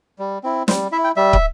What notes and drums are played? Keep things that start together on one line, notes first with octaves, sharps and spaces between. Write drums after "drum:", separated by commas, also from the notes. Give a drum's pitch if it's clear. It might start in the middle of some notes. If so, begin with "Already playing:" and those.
G3
C4 E4
G3 C5, drum: snare
E4 E5
G5
G3 E5
drum: kick